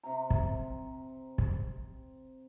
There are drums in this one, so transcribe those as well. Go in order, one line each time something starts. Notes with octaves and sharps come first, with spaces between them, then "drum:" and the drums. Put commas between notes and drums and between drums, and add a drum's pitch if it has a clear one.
C3 A#5
drum: kick
drum: kick